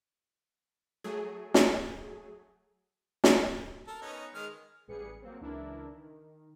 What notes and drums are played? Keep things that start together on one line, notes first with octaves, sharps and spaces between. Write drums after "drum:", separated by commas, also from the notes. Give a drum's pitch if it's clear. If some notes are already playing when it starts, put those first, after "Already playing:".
F#3 A3 G#4
drum: snare
drum: snare
A4 A#4
B3 C#4 D#4
D#3 G#3 F6
A1 G3 G#4 B4 C#7
F#3 A#3 C4
C#2 E3 D4 E4 A#4
D#3